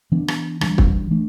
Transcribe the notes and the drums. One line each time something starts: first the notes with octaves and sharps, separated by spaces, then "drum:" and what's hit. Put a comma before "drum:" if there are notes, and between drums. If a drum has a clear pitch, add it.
E3 B3 D4
drum: rim click
E3 G3 D4, drum: rim click
drum: kick
E3 A3 D4